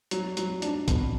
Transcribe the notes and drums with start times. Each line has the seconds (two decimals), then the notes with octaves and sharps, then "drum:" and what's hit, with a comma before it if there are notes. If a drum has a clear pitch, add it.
0.11 F#3, drum: hi-hat
0.37 F#3, drum: hi-hat
0.62 D4, drum: hi-hat
0.88 B2, drum: kick, hi-hat